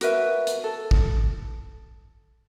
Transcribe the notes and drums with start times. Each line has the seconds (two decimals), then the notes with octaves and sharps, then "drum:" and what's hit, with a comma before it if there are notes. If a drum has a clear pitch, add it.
0.01 F#4 A#4 B4 E5, drum: hi-hat
0.47 drum: hi-hat
0.64 A4
0.91 drum: kick